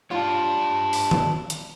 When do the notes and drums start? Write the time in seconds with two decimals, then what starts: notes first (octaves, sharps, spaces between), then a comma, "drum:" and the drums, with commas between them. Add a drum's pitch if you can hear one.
0.11 G3 D4 F4 C#5 A5
0.93 drum: open hi-hat
1.11 drum: tom D#3
1.50 drum: hi-hat